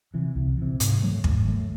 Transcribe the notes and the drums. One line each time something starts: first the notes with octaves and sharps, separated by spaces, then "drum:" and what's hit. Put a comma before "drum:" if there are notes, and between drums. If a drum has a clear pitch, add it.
C3 E3
C2
C3 E3
G#2, drum: hi-hat
D#3 F#3 A3
G#2, drum: kick
D#3 F#3 A3